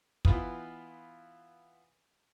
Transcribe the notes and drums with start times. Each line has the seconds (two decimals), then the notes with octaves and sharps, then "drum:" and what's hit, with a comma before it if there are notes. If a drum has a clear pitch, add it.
0.25 E3 B3 F4 B4 D#6, drum: kick